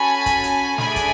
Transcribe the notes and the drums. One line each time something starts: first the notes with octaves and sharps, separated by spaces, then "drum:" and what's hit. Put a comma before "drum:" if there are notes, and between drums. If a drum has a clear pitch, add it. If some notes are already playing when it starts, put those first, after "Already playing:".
Already playing: C#4 F#4 A4 G#5 B5
drum: kick, hi-hat
drum: hi-hat
A3 D4 G#4 G#5 B5, drum: snare
drum: kick, hi-hat